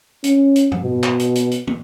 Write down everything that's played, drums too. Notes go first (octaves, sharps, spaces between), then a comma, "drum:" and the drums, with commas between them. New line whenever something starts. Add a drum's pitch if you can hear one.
C#4, drum: hi-hat
drum: hi-hat
drum: tom G2
B2
drum: clap
drum: hi-hat
drum: hi-hat
drum: hi-hat
drum: tom